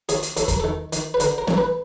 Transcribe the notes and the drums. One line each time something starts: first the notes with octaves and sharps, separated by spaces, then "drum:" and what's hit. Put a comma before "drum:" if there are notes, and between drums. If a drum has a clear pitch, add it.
D#2 G#4, drum: hi-hat
drum: hi-hat
D#2 A4, drum: hi-hat
A#4, drum: kick E2, hi-hat
D#3 A4
D#3, drum: hi-hat
B4
D3 A#4, drum: hi-hat
A#4
A1, drum: snare C4
A#4
B4